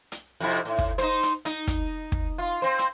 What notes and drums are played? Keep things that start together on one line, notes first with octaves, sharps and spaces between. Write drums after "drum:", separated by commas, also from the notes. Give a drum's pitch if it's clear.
drum: hi-hat
F2 C3 E4
A2
drum: kick
D#4 C5, drum: hi-hat
drum: hi-hat
D#4, drum: hi-hat
drum: kick, hi-hat
drum: kick
F4
C4 C5
drum: hi-hat